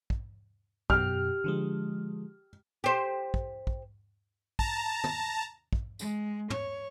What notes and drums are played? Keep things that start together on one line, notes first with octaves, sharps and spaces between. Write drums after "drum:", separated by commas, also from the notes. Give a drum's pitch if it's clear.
drum: kick
F#2 B2 G4 F6, drum: kick
D3 F3 G#3
G4 C5
drum: kick
drum: kick
A5 A#5, drum: kick
drum: tom
drum: kick
G#3, drum: tambourine
C#5, drum: tom